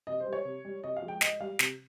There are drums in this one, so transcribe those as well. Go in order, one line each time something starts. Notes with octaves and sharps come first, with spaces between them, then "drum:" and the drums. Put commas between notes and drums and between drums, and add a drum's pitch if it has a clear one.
C3 D#5
C5
G3
C#5
C3
G3
C3 D#5
F5
F3 G#3
G5
G#2 D#5, drum: snare
G3 F5
C3, drum: snare